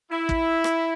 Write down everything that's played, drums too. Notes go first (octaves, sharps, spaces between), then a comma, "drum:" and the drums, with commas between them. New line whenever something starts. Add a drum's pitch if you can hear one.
E4
drum: kick
drum: rim click